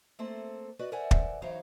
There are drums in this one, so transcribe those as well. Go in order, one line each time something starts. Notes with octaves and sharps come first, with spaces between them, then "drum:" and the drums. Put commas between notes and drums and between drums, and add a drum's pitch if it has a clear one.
A3 A#3 C4 A4 C5
F#4 B4 D5 D#5
A#4 C5 D5 E5 F#5 G#5
drum: kick
F#2 E3 D#4 C5 C#5 F5